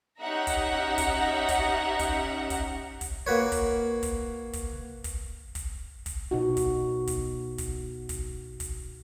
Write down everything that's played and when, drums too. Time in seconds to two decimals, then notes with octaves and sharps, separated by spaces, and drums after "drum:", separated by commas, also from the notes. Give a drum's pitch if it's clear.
0.20 C#4 D#4 G4 E5 F#5 A#5
0.47 drum: kick, hi-hat
0.98 drum: kick, hi-hat
1.49 drum: kick, hi-hat
1.99 drum: kick, hi-hat
2.50 drum: kick, hi-hat
3.01 drum: kick, hi-hat
3.27 A#3 F#4 B4 C#5
3.52 drum: kick, hi-hat
4.03 drum: kick, hi-hat
4.53 drum: kick, hi-hat
5.04 drum: kick, hi-hat
5.55 drum: kick, hi-hat
6.06 drum: kick, hi-hat
6.31 B2 D#4 F#4
6.57 drum: kick, hi-hat
7.07 drum: kick, hi-hat
7.58 drum: kick, hi-hat
8.09 drum: kick, hi-hat
8.60 drum: kick, hi-hat